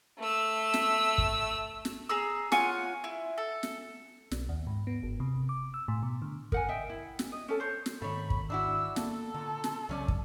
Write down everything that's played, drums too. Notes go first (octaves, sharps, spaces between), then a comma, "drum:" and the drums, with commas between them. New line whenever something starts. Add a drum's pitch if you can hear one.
A3 E6
drum: snare
drum: kick
drum: snare
G#4 A#5 E6
F4 C#5 F#5 G#5, drum: snare
E4
A4
drum: snare
B1, drum: snare
D#2
G#2
B3
G1
C3
D6
E6
A2
B2
D3
A#4 F#5 G#5, drum: kick
D#5 E5 G5
E4
drum: snare
D#5
C#4 A4
C5 C#5
drum: snare
G#2 D#3 A3 C#5 B5
drum: kick
D4 E4 F#4 E6
A#3 A4, drum: snare
A#2 D3
drum: snare
C2 C#3 F#3 A3 C#4 D5
drum: kick